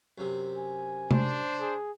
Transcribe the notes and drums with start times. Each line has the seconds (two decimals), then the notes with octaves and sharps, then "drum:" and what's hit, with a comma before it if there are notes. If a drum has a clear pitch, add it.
0.18 F#2 C3
0.57 G#5
1.11 D4 C5, drum: tom C3
1.61 G#4